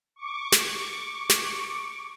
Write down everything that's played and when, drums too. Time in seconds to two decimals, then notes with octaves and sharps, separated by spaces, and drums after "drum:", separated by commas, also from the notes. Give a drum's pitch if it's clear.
0.16 C#6 D6
0.52 drum: snare
1.30 drum: snare